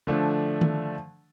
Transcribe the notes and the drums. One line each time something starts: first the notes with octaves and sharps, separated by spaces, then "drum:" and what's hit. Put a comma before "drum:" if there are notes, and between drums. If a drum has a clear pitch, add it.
D3 F3 A3 D4
drum: tom D#3